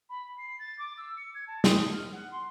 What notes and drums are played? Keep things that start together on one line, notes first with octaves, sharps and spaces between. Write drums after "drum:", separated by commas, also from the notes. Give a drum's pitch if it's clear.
B5
C7
A6
D6
E6
C#7
G#6
A5
D#6, drum: snare
F6
F#5
C6